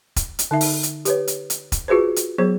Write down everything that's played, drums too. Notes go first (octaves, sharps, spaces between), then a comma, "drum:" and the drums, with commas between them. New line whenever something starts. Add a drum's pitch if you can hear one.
drum: kick E1, hi-hat
drum: hi-hat
D3 D#4 E5
drum: open hi-hat
drum: hi-hat
G4 B4 C#5, drum: hi-hat
drum: hi-hat
drum: hi-hat
drum: kick E1, hi-hat
F4 F#4 G#4 B4 C5
drum: hi-hat
F#3 B3 G#4 C5